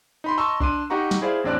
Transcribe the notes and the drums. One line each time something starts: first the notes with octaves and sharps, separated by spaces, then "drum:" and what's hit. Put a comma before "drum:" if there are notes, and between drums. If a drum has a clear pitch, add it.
D#4 B5 C6
D#5 A5 A#5 C6 C#6 E6
D4 C6 D6 D#7, drum: kick
D#4 G4 F#5 A#5 C#6
drum: snare
E4 G#4 C5 D5 F5
A1 E2 C4 D4 D5 F#6